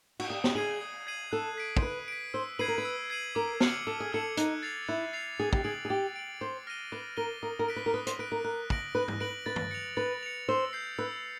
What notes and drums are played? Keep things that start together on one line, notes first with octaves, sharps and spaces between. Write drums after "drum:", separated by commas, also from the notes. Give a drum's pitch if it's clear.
F#4, drum: cymbal
G4 D#6
G4, drum: snare
G#4 G#6 C7 D#7 F#7
D#6
G#6 C7 D#7 F#7
A4 F#6
B6 D7
C5, drum: kick
B4 F#6
B6 D7
C5 E6
B4 G#6 C7 D#7 F#7
A#4
B4
E6
G#6 C7 D#7 F#7
A#4 D6
F6 G#6 C#7 F#7, drum: snare
A4 D6
G#4
A4 F6 G#6 C#7 F#7
D#4 F#6, drum: hi-hat
A6 C7 F7
E4 F#6
A6 C7 F7
G#4 A6
G4, drum: kick
G#4 D7 F#7
G#4
G4 A6
D7 F#7
C5 D6
F6 A#6 D#7 G7
B4 D6
A#4 F6 A#6 D#7 G7
A#4 D#6
A#4
F#6 B6 D7
B4
A#4
B4 D#6
C5, drum: hi-hat
B4 F#6 B6 D7
A#4
A#4 F#6
A#6 D7 F#7, drum: kick
B4 F#6
drum: tom G#2
B4 A#6 D7 F#7
B4 A6
drum: tom
C#7 F7
B4 A6
C#7 F7
C5 E6
G6 C7
B4 E6